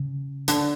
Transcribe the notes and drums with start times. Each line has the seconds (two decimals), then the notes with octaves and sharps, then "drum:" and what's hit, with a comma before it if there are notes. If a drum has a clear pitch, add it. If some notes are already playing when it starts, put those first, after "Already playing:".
Already playing: C#3
0.48 D3, drum: hi-hat